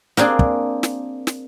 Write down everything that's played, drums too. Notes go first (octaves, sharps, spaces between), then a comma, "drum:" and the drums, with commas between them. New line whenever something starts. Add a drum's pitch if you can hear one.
A#3 C4 D4 G#4, drum: snare
drum: kick
drum: snare
drum: snare